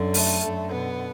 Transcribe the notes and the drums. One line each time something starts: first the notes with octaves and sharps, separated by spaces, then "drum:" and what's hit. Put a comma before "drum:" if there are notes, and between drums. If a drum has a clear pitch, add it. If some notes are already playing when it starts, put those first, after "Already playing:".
Already playing: F#2 D3
A3, drum: open hi-hat
F#2 D3
B2 B3